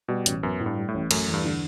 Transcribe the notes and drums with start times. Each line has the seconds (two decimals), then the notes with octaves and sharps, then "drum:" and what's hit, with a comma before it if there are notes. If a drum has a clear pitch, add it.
0.08 B2 G3
0.26 A1, drum: hi-hat
0.43 F#2 B3
0.60 A2
0.66 G2
0.77 G3
0.88 A2
0.94 A1
1.11 F#2 A3, drum: cymbal
1.28 E2
1.34 G2
1.44 D3